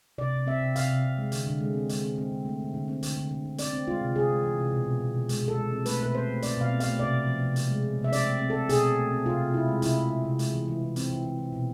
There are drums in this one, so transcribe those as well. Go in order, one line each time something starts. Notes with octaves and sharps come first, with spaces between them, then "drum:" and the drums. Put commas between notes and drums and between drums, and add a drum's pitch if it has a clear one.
C3 D5
C3
C4 E5
C3
C3 F5, drum: hi-hat
C3
C3
G#3
D3, drum: hi-hat
D3
G#3
C4
G#3, drum: hi-hat
C4
C4
D3
A3
D3
D3
C4
D3, drum: hi-hat
D3
D3
D3
C4 D5, drum: hi-hat
C4
G#3 F4
C3
C3 G#4
G#3
E3
C3
B2
B2
B2
B2
G#3, drum: hi-hat
B2
A4
G#3
C4
A3 B4, drum: hi-hat
B2 B4
C4 C5
A3
C4 D5, drum: hi-hat
B2 F5
C4
A3 F5, drum: hi-hat
C3 D5
C3
F3
C3
C3, drum: hi-hat
G#3
C4
C3
E5
C4 D5, drum: hi-hat
A3
C4
A4
C4
B2 G#4, drum: hi-hat
C4
A3
C4
C3 F4
C3
C3 E4
G#3
C3 E4, drum: hi-hat
C3
C3
C3
G#3, drum: hi-hat
E3
E3
E3
E3 C4, drum: hi-hat
E3
E3
E3
B2